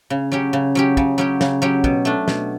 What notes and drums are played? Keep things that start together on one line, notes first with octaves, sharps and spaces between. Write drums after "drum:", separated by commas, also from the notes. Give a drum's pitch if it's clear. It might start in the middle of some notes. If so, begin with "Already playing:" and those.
C#3
F#3 C#4 G4
C#3
F#3 C#4 G4
C#3, drum: kick
F#3 C#4 G4
C#3, drum: snare
F#3 C#4 G4
B2, drum: kick
A3 D4
B2, drum: snare